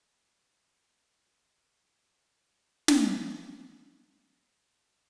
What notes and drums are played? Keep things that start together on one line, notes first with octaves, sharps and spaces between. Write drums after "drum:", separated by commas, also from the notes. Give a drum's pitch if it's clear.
G3 C#5 G#5 A5 C6
drum: snare
F#2 A#2
C#3 C5 D#5